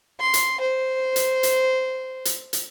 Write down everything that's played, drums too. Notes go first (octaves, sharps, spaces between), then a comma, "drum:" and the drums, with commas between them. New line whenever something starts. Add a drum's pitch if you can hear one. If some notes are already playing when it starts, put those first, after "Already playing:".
C6
drum: hi-hat
C5
drum: hi-hat
drum: hi-hat
drum: hi-hat
drum: hi-hat